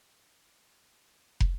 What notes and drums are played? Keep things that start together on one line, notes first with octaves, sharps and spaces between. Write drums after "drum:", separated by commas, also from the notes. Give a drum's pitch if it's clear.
C#5 C#6
drum: kick